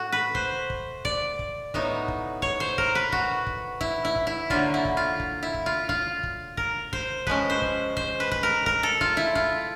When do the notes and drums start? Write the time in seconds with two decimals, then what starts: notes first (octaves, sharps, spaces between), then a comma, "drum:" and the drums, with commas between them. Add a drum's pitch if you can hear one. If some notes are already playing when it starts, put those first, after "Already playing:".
Already playing: A2 A3 F#4
0.12 B4
0.35 C5, drum: kick
0.70 drum: kick
1.05 D5, drum: kick
1.39 drum: kick
1.74 A2 F#3 B3 D#4, drum: kick
2.08 drum: kick
2.42 C#5, drum: kick
2.60 C5
2.78 A#4, drum: kick
2.95 B4
3.12 F#4, drum: kick
3.47 drum: kick
3.81 E4, drum: kick
4.05 E4
4.16 drum: kick
4.27 E4
4.50 D3 F#3 A#3 F4, drum: kick
4.74 E4
4.85 drum: kick
4.97 F4
5.20 drum: kick
5.43 E4
5.54 drum: kick
5.66 F4
5.89 F4, drum: kick
6.23 drum: kick
6.57 A#4, drum: kick
6.93 C5, drum: kick
7.27 F3 G#3 C#4 B4, drum: kick
7.50 C5
7.62 drum: kick
7.97 C5, drum: kick
8.20 B4
8.31 B4, drum: kick
8.43 A#4
8.66 A#4, drum: kick
8.83 A4
9.01 F4, drum: kick
9.17 E4
9.35 F4, drum: kick